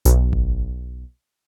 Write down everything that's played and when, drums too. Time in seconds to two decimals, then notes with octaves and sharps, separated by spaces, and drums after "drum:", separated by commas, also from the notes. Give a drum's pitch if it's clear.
0.05 B1, drum: hi-hat
0.33 drum: kick G#1